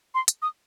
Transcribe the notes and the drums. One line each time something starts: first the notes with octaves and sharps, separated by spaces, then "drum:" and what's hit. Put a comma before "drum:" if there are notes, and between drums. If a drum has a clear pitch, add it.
C6
drum: hi-hat
D#6